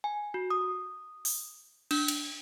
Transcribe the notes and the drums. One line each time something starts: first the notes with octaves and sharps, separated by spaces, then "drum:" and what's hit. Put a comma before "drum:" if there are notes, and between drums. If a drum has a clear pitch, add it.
G#5
F#4
D#6
drum: open hi-hat
D4, drum: cymbal
drum: cymbal